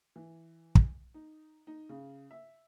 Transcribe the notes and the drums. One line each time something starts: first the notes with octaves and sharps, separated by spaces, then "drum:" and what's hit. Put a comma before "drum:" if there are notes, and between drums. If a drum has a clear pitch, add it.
E3
drum: kick
D#4
D#4
C#3
E5